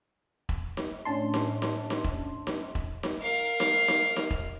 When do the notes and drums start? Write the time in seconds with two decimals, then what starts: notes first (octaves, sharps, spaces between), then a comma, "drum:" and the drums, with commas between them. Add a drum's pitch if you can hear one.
0.49 drum: kick E1
0.77 drum: snare D#4
1.05 A2 C#4 D4 A5 C6
1.34 drum: snare D#4
1.62 drum: snare D#4
1.90 drum: snare D#4
2.04 drum: kick E1
2.47 drum: snare D#4
2.75 drum: kick E1
3.03 drum: snare D#4
3.20 A#4 F5
3.60 drum: snare D#4
3.88 drum: snare D#4
4.16 drum: snare D#4
4.30 drum: kick E1